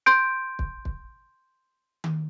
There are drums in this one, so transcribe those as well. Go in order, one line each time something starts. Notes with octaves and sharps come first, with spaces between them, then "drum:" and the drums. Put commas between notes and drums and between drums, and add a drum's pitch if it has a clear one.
C6 G6 D7
drum: kick
drum: kick
drum: tom D#3